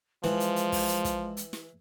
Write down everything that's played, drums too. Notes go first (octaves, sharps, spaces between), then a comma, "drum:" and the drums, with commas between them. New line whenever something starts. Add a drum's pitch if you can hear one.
E3 F3 G#3, drum: snare
drum: hi-hat
drum: hi-hat
drum: kick, open hi-hat
drum: hi-hat
drum: kick, hi-hat
drum: hi-hat
drum: snare